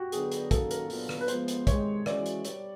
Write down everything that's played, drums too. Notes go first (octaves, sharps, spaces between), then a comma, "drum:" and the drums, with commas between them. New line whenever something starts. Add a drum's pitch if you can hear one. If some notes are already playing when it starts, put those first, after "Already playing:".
Already playing: F#4 G4
D3 F#3 B3 D4 G#4, drum: hi-hat
drum: hi-hat
D#3 F#3 A#3 C#4 F#4 A4, drum: kick, hi-hat
A#4, drum: hi-hat
A#2 F#3 B3 D4 F4, drum: open hi-hat
drum: rim click
B4
F3 G#3 B3 C5, drum: hi-hat
drum: hi-hat
C3 D#3 G#3 C#5, drum: kick, hi-hat
E3 G#3 C#4 F#4 D5, drum: rim click
drum: hi-hat
G3 C#5, drum: hi-hat